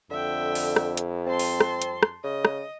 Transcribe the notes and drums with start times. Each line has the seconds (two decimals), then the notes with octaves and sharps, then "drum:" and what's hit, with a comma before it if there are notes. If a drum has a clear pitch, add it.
0.11 F2 D3 E5 G5
0.55 drum: open hi-hat
0.76 drum: rim click
0.97 drum: hi-hat
1.26 C4 A5 C6
1.39 drum: open hi-hat
1.61 drum: rim click
1.82 drum: hi-hat
2.03 drum: rim click
2.24 C#3 D#5
2.45 drum: rim click